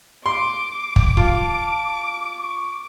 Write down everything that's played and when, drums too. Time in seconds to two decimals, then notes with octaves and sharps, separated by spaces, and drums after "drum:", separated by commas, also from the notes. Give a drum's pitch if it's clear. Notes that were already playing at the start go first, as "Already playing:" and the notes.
0.26 C6 D6
0.96 drum: kick
1.17 F4 A5, drum: kick
2.38 C#6